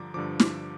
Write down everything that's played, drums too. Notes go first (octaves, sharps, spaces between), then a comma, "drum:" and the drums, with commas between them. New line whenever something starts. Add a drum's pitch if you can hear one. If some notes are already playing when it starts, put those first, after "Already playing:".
Already playing: G2 D3 F3 A#5 D6
G2 D3 F3 D6
D6, drum: snare